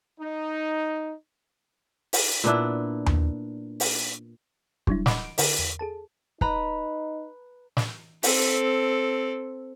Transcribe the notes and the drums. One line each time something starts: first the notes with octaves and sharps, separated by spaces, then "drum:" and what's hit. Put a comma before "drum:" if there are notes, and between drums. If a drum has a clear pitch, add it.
D#4
drum: open hi-hat
A#2 B3 D4 E4
drum: tom D#2
drum: open hi-hat
F#3 G3 D4 E4, drum: kick
D#5 F#5 B5 C6 D6, drum: snare
D7
D3 A#4 D5, drum: open hi-hat
E2
G#4 A4 A5
D#4 B4 A#5 B5, drum: kick
drum: snare
C4 A4, drum: open hi-hat